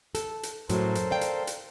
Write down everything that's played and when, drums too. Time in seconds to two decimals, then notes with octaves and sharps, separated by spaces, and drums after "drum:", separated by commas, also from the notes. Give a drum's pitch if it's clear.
0.15 A4, drum: hi-hat
0.43 drum: hi-hat
0.69 F#2 A2 F#3 A4 A#4 C5, drum: hi-hat
0.95 drum: hi-hat
1.11 D5 F5 G5
1.21 drum: hi-hat
1.47 drum: hi-hat